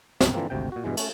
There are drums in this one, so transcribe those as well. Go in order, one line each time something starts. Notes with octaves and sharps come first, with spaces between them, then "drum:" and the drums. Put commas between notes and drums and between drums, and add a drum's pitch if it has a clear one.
C2 F2 D#5, drum: snare
D3 E3 F3 A#3 C4
G#1 D2 C3 G5
A#2 F#4
G2 B2 E3 G#3
A3 C#4, drum: cymbal